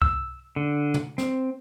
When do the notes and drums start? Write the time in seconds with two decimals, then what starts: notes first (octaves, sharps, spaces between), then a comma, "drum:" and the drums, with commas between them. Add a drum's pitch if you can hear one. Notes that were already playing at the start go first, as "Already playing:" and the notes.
0.02 E6, drum: kick C2
0.56 D3
0.94 drum: tom
1.18 C4, drum: snare